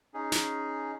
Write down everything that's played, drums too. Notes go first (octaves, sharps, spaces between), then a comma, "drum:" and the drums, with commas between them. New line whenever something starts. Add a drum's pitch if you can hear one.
C#4 D#4 G#4
drum: snare